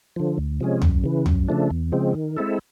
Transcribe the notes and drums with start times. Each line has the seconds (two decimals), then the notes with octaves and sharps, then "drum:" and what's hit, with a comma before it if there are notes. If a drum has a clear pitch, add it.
0.16 D3 F3
0.38 D2
0.60 C3 F3 G#3 C#4
0.82 F#2, drum: tom
1.04 C#3 E3
1.26 F#2, drum: tom
1.48 C#3 F3 A3 D4
1.70 E2
1.92 C#3 F3 G#3 C4
2.15 D#3
2.37 G#3 C4 E4 A4